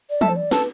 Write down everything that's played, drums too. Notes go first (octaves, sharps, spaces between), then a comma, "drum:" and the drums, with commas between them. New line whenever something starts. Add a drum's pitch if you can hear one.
D5
A4 E5, drum: tom
C5
D5
A4 B4, drum: snare